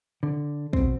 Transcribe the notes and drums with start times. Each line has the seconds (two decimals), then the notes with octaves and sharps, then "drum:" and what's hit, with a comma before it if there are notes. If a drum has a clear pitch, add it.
0.23 D3
0.73 B2 C4, drum: kick